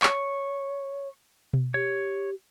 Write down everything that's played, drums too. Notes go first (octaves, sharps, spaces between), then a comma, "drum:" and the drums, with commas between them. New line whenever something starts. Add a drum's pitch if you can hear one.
C#5 C#6, drum: clap
drum: tom B2
G4 C#5